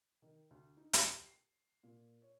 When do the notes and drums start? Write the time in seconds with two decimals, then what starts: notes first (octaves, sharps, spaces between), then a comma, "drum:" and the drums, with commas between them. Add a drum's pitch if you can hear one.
0.22 D#3
0.51 D2
0.77 D#4
0.93 G4, drum: hi-hat
1.26 C7
1.83 A#2
2.22 C#5